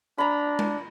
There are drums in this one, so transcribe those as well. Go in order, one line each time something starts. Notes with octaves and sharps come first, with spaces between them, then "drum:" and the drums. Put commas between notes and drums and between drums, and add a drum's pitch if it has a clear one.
D4 A#5 B5
drum: tom G#3